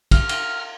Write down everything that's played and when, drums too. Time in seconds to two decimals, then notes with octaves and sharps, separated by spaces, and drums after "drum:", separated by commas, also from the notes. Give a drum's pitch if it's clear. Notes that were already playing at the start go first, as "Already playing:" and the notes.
0.11 F6, drum: kick, cymbal
0.29 drum: cymbal